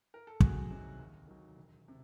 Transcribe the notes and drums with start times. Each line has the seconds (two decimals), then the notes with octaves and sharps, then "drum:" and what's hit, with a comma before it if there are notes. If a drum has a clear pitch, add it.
0.14 A#4
0.27 A4
0.40 D2 F#4 G#4, drum: kick
0.70 C3 D#3 F#3
0.99 D#2
1.27 D#3 F#3
1.56 E1
1.88 C3